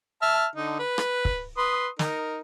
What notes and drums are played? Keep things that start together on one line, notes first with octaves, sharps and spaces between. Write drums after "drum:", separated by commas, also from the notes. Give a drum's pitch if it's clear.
E5 A5 F6
D3 D#4
B4
drum: rim click
drum: kick
B4 C6 D#6
D#4 A#4, drum: snare